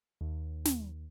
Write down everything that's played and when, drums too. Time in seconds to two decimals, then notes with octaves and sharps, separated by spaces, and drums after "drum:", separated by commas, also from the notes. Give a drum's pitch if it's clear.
0.21 D#2
0.65 drum: snare